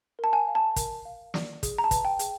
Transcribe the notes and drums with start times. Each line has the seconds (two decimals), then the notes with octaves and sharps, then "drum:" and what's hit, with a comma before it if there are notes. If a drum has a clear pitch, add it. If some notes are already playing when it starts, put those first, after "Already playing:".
0.19 A#4 A5
0.33 G#5
0.48 F5
0.55 A5
0.76 A#4, drum: kick, hi-hat
1.05 F5
1.34 D5, drum: snare
1.63 G#4, drum: kick, hi-hat
1.78 A#5
1.84 A5
1.91 B4, drum: kick, hi-hat
2.05 G5
2.19 G#4, drum: hi-hat